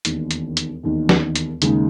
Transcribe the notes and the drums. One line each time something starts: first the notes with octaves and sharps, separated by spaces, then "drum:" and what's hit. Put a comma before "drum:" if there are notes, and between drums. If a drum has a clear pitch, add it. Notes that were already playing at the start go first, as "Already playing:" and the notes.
E1 D#2 D#3, drum: hi-hat
drum: hi-hat
drum: hi-hat
E1 D#2 D#3
drum: snare
drum: hi-hat
D#2 C#3 G#3 D#4, drum: hi-hat